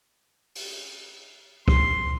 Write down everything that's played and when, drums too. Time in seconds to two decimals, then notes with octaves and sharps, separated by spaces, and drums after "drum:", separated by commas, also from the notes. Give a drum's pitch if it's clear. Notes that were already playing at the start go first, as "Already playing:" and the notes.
0.55 drum: open hi-hat
1.68 C6, drum: kick C#2